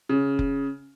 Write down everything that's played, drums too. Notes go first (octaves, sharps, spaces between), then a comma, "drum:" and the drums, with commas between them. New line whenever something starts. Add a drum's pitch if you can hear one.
C#3
drum: kick F1